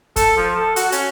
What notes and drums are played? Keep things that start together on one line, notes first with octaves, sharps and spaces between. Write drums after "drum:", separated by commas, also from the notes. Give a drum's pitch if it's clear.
A4, drum: kick, hi-hat
F3
A4
F#4, drum: hi-hat
C#4, drum: hi-hat